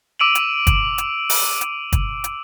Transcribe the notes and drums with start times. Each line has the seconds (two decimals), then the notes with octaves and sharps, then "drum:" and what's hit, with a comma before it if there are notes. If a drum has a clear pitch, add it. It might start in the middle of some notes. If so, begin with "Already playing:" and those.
0.19 D6 E6 D7 D#7 F7 F#7
0.35 drum: hi-hat
0.67 drum: kick, hi-hat
0.98 drum: hi-hat
1.30 drum: open hi-hat
1.61 drum: hi-hat
1.92 drum: kick, hi-hat
2.24 drum: hi-hat